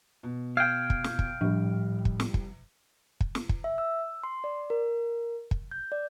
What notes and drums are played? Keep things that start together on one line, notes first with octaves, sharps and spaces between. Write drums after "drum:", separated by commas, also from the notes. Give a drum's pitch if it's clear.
B2
F5 G5 G6 G#6 D7
drum: kick
drum: snare
drum: kick
C2 A2 F3 G3
drum: kick
drum: snare
drum: kick
drum: kick
drum: snare
drum: kick
E5
E6
C6
D5
A#4
drum: kick
G6
D5